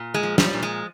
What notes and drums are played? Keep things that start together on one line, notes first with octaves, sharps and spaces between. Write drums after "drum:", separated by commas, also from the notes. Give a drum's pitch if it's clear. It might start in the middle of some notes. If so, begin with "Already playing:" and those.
Already playing: A#2
G#3
F3
G3, drum: snare
A#2
G#3